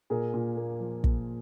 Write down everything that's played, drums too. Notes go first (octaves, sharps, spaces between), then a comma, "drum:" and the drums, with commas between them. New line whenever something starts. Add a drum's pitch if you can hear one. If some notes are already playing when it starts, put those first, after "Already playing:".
A#2 G#4 A#4
A#2
A#3
F3
A#2, drum: kick